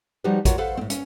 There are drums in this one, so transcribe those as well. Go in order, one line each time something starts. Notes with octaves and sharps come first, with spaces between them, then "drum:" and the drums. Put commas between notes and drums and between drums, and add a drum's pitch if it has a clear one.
F3 G3 D#4 F#4 G4 B4
F4 F#4 A#4 C#5, drum: kick A1, hi-hat
A4 B4 C5 F5 F#5
A2 C4
C#4, drum: hi-hat